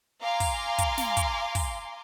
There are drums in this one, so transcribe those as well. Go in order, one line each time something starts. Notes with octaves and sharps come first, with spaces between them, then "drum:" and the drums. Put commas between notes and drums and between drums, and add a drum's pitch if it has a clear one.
F5 G#5 A#5 C6 D6
drum: kick, open hi-hat
drum: kick, hi-hat
drum: snare
drum: kick, hi-hat
drum: kick, open hi-hat